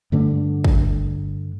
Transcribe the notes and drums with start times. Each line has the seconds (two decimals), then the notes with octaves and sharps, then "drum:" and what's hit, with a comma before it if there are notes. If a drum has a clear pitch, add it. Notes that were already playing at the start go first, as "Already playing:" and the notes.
0.12 G2 D3 A3 D4
0.64 drum: kick